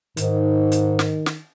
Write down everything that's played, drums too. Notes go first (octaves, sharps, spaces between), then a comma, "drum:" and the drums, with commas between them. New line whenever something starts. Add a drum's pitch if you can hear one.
G#2 D#3, drum: hi-hat
drum: hi-hat
drum: snare
drum: snare